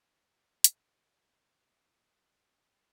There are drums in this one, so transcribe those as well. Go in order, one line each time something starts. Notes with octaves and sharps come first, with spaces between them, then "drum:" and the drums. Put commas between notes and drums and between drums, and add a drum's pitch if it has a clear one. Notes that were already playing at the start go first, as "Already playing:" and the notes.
drum: hi-hat
D#5 F5
D#4 F#4 G4